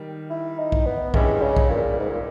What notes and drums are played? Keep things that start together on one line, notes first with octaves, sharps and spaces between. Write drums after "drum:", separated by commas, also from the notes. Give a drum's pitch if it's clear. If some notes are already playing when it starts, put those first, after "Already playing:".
Already playing: D#3 G3
E4
D#4
drum: kick B1
B3
G2 G3 G#3 C#4 E4, drum: kick B1
C#3
drum: kick B1
A#2
G#2
A#2